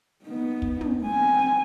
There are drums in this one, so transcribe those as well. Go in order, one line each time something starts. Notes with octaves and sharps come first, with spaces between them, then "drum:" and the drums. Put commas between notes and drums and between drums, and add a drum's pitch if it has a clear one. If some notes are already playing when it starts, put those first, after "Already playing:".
B3 D#4
drum: kick
drum: tom
C4 G#5